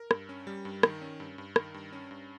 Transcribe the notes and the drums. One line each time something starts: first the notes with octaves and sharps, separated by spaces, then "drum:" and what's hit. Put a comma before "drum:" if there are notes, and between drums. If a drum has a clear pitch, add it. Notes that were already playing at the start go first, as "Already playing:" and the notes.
Already playing: A#4
G2, drum: rim click
C#4
G3
G2
D#3, drum: rim click
C#4
G2
G2
D#3 A#4, drum: rim click
G2
C#4
G2